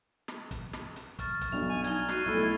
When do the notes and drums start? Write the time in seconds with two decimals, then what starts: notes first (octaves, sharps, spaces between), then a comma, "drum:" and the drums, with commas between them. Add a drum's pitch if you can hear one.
0.28 drum: snare
0.51 drum: kick, hi-hat
0.73 drum: snare
0.96 drum: hi-hat
1.19 C#6 F6 A6, drum: kick, hi-hat
1.41 drum: kick, hi-hat
1.52 B1 D4 F7
1.68 G#5
1.84 D#4 G#6 G7, drum: hi-hat
2.09 F#4 F#6 C7 D#7, drum: snare
2.25 B1 A3 E4 G#6